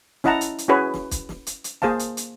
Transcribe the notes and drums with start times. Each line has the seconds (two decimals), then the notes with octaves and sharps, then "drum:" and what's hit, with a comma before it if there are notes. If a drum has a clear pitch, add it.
0.24 C#4 E4 D#5 F#5 A5 A#5, drum: snare
0.41 drum: hi-hat
0.58 drum: hi-hat
0.68 C#4 E4 F#4 G#4 B4 C#5
0.94 drum: snare
1.11 drum: kick, hi-hat
1.29 drum: snare
1.47 drum: hi-hat
1.64 drum: hi-hat
1.82 A#3 G#4 C5 F5 A5, drum: snare
1.99 drum: hi-hat
2.17 drum: hi-hat